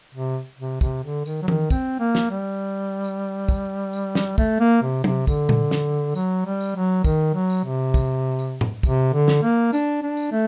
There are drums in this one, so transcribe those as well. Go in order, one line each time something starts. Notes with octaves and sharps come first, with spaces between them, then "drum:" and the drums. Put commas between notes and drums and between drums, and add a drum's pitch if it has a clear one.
C3
C3
C3, drum: kick, tambourine
D3
D#3, drum: tambourine
F#3
D#3, drum: tom E3
C4, drum: kick, tambourine
A#3
drum: snare
G3
drum: tambourine
drum: kick, tambourine
drum: tambourine
drum: snare
A3, drum: kick, tambourine
A#3
C3
C3, drum: tom F#3
D3, drum: kick, tambourine
drum: tom A#2
drum: snare
F#3, drum: tambourine
G3
drum: tambourine
F#3
D#3, drum: kick, tambourine
F#3
drum: tambourine
C3
drum: kick, tambourine
drum: tambourine
drum: tom A2
C3, drum: kick, tambourine
D3
drum: snare
A#3
D4, drum: tambourine
D4
drum: tambourine
A3